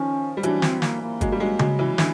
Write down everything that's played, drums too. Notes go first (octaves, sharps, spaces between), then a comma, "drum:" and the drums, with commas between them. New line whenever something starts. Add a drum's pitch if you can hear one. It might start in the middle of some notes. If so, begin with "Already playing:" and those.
Already playing: D#3 F3 C#4
G3
E3 F#3 D4, drum: hi-hat
C4, drum: snare
A#3, drum: snare
A#3
F#3 G#3, drum: kick, hi-hat
G3
F#3 G#3
F#3 G#3, drum: tom C#3
E3 F#3
D3 E3, drum: snare